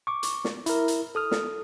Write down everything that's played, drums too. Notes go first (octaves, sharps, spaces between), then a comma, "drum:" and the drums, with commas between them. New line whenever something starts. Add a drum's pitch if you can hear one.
C#6 D6
drum: hi-hat
drum: snare
E4 A#4, drum: hi-hat
drum: hi-hat
A4 D#6 F6
drum: snare